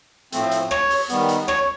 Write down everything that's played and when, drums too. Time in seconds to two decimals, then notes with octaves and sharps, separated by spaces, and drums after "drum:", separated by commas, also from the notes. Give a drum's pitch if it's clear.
0.32 A2 F3 A3 C4, drum: hi-hat
0.51 drum: hi-hat
0.71 C#5, drum: rim click
0.90 drum: open hi-hat
1.09 D#3 G3 B3, drum: hi-hat
1.29 drum: hi-hat
1.48 C#5, drum: rim click